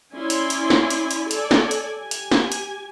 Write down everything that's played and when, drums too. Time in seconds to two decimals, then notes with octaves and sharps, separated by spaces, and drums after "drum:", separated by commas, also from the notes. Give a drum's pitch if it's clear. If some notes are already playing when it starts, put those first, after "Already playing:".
0.13 C#4 E4 D5 G#5 C6
0.30 drum: hi-hat
0.50 drum: hi-hat
0.70 drum: snare
0.90 drum: hi-hat
1.11 drum: hi-hat
1.31 A4 D5 G#5, drum: hi-hat
1.51 drum: snare
1.71 drum: hi-hat
1.98 G4 G#5
2.11 drum: hi-hat
2.31 drum: snare
2.52 drum: hi-hat